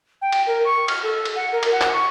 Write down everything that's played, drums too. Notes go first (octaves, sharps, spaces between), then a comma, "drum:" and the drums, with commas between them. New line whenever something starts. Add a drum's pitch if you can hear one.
G5
drum: cymbal
A#4
C#6
F6, drum: cymbal
A4
drum: cymbal
F#5
A#4
drum: cymbal
F#5
drum: clap
C#6